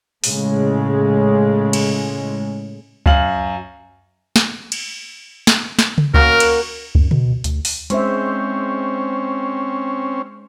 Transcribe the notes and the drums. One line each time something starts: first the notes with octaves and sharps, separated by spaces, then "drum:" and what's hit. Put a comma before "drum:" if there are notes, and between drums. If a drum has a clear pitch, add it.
A2 C#3 G#3, drum: open hi-hat
drum: cymbal
F#2 F5 F#7, drum: kick C#2
drum: snare
drum: cymbal
drum: snare
drum: snare
drum: tom C#3
A#3 C#4 F#4 A#4, drum: kick C#2
drum: cymbal
F#2, drum: kick C#2
B2, drum: tom C#3
D2, drum: hi-hat
drum: open hi-hat
G#3 C4 C#4 C5 E5, drum: hi-hat